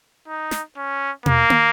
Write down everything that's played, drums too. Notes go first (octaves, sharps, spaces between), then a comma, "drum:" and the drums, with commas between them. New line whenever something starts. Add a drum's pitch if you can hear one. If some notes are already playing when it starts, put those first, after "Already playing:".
D#4
drum: snare
C#4
A#3, drum: tom B2
drum: tom